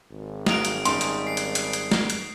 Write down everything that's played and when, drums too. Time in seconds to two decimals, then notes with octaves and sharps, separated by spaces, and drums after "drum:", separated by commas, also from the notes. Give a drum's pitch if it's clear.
0.11 G#1
0.46 F#4 F5 A#5 D#6 D7, drum: snare
0.65 drum: hi-hat
0.85 G3 C#4 D#4 C6, drum: hi-hat
1.01 drum: hi-hat
1.27 C7
1.37 drum: hi-hat
1.55 drum: hi-hat
1.73 drum: hi-hat
1.92 drum: snare
2.10 drum: hi-hat